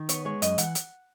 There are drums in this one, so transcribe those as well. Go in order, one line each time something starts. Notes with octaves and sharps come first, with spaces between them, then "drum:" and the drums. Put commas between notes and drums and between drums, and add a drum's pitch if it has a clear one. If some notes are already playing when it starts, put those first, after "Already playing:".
Already playing: D#3
B3 C#5, drum: hi-hat
G#3 C#5
F#2 D#5, drum: hi-hat
E3 F#5, drum: hi-hat
drum: hi-hat